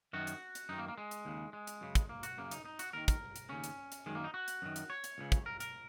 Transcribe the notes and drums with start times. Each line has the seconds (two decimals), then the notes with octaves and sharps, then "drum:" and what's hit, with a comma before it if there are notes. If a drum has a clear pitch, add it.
0.13 F#2 D#3 F#4
0.27 drum: hi-hat
0.55 drum: hi-hat
0.69 F#2 D#3 D#4
0.78 A#3
0.88 A#3
0.98 G#3
1.11 drum: hi-hat
1.25 D#2 C#3
1.53 G#3
1.67 drum: hi-hat
1.81 F#2 C#3
1.95 drum: kick, hi-hat
2.09 A#3
2.23 F#4, drum: hi-hat
2.38 F#2 C#3 A#3
2.51 D#4, drum: hi-hat
2.65 D#4
2.79 F#4, drum: hi-hat
2.93 D#2 D#3 A#4
3.08 A#4, drum: kick, hi-hat
3.36 drum: hi-hat
3.49 D#2 C#3 C#4
3.64 drum: hi-hat
3.92 drum: hi-hat
4.06 F#2 D#3 G#3
4.15 A#3
4.24 D#4
4.34 F#4
4.48 drum: hi-hat
4.62 F#2 D#3
4.76 drum: hi-hat
4.90 C#5
5.04 drum: hi-hat
5.18 C#2 C#3
5.32 drum: kick, hi-hat
5.46 A#4
5.60 A#4, drum: hi-hat